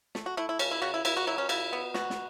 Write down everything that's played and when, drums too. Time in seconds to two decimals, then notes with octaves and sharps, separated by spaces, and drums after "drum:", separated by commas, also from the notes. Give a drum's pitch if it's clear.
0.15 A3, drum: snare
0.26 F#4
0.37 A3 E4
0.49 E4
0.59 C#3 C#4, drum: cymbal
0.71 E4
0.82 C#3 F#4
0.94 E4
1.05 C#3 E4, drum: cymbal
1.17 F#4
1.27 F#3 E4
1.38 C#4
1.49 C#3 E4, drum: cymbal
1.73 B3
1.94 B2 F#4, drum: snare
2.10 drum: snare